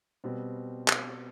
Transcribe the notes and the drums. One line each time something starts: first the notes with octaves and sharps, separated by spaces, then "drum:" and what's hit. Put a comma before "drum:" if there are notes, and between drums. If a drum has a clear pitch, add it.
B2 G3 C4
drum: clap